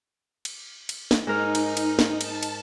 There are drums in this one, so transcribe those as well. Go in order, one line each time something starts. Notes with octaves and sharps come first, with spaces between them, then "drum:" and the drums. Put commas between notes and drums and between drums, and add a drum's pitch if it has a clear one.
drum: cymbal
drum: cymbal
drum: snare
G#2 D#4 A#4
drum: cymbal
drum: cymbal
drum: snare
A5, drum: cymbal
drum: cymbal